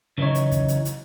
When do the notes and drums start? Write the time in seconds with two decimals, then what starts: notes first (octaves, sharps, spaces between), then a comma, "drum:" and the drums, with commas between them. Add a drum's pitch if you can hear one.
0.18 C#3 E3 F#3 D#4 C#5
0.35 drum: hi-hat
0.51 drum: kick, hi-hat
0.68 drum: hi-hat
0.85 drum: hi-hat